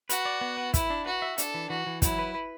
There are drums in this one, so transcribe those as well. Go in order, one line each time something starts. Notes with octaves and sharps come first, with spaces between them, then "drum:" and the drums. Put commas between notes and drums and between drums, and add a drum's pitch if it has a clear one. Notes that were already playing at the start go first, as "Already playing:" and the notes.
F#4 B4, drum: hi-hat
D5
B3
B4
E4 E5, drum: kick, hi-hat
D4
F#4 B4
E5
D4 A4, drum: hi-hat
E3
E3 F#4
E3
F#3 E4, drum: kick, hi-hat
B4
B4